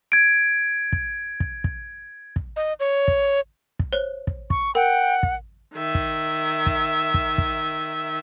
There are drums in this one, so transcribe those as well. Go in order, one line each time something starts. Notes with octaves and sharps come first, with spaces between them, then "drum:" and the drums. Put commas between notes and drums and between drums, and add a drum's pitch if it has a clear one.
G#6 D7
drum: kick
drum: kick
drum: kick
drum: kick
D#5
C#5
drum: kick
drum: kick
C5 C#5
drum: kick
C#6, drum: kick
A#4 F#5 G5
drum: kick
D#3 E5
drum: kick
drum: kick
drum: kick
drum: kick